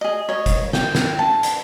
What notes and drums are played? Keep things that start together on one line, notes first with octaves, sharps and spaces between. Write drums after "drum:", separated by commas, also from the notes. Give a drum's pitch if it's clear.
G#4 D#5
C#5 D#5
drum: kick, hi-hat
G5, drum: snare
drum: snare
A5
drum: hi-hat